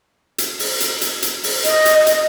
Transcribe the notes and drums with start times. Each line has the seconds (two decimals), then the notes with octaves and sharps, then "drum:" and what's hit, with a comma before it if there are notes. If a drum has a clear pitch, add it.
0.38 drum: hi-hat
0.59 drum: open hi-hat
0.80 drum: hi-hat
1.01 drum: hi-hat
1.22 drum: hi-hat
1.43 drum: open hi-hat
1.64 D#5, drum: hi-hat
1.86 drum: hi-hat
2.07 drum: hi-hat